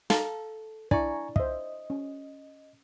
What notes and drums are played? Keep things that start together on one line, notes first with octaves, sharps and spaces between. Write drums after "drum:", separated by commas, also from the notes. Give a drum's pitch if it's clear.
A4 F5 A5 A#5, drum: snare
D4 E4 D5 G#5 A#5 C#6, drum: kick
C5 D#5 E5, drum: kick
C#4